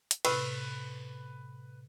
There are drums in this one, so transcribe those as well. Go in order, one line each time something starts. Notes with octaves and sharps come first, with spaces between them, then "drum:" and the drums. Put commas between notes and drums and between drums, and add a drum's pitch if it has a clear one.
drum: hi-hat
A2 C3 B4 F6, drum: cymbal